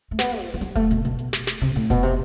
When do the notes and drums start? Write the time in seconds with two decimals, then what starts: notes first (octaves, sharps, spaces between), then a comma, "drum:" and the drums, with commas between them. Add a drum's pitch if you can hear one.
0.11 A3
0.19 B3, drum: snare
0.40 F3
0.54 F3
0.61 G3, drum: hi-hat
0.75 A3, drum: kick F1, hi-hat
0.91 B2, drum: hi-hat
1.05 B2, drum: hi-hat
1.19 drum: hi-hat
1.33 drum: snare
1.47 drum: snare
1.61 C3, drum: open hi-hat
1.76 A2, drum: hi-hat
1.90 B2, drum: kick F1, hi-hat
2.03 C3, drum: hi-hat